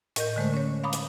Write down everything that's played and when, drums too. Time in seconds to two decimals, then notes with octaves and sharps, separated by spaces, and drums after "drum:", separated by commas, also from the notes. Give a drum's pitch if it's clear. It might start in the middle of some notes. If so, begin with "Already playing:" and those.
0.16 A2 A#4 D#5 G6, drum: hi-hat
0.36 D3 G#3 A3 C5
0.54 C#4 C#5
0.83 F5 A#5 B5 D6 D#6
0.93 drum: hi-hat